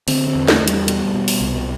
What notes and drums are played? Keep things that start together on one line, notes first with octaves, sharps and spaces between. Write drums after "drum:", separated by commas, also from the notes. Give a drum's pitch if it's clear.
D3 C4, drum: open hi-hat
C4
E2
A3, drum: snare
E2
G3, drum: hi-hat
B2, drum: hi-hat
B2
drum: open hi-hat
C2